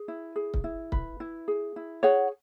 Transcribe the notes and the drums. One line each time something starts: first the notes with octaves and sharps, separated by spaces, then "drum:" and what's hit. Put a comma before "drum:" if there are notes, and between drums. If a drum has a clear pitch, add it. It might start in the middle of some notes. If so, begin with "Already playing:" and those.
Already playing: G#4
E4
G#4
drum: kick C#1
E4
B4, drum: kick C#1
E4
G#4
E4
G#4 C#5 F#5